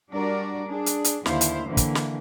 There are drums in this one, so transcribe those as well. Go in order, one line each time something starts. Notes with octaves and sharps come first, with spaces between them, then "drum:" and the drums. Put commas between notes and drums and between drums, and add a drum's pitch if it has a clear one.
G3 D4 F#4 A#4 D5
D4 G#4
drum: hi-hat
drum: hi-hat
D#2 D3 E4 C5 F5, drum: snare
drum: hi-hat
D3 E3 A#3
drum: kick, hi-hat
drum: snare